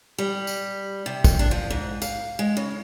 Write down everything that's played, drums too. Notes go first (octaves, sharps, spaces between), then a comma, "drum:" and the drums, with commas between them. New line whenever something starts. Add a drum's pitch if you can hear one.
G3
drum: tambourine
C3
drum: kick, tambourine
D4
F3
G#2
F5, drum: tambourine
G#3
C#3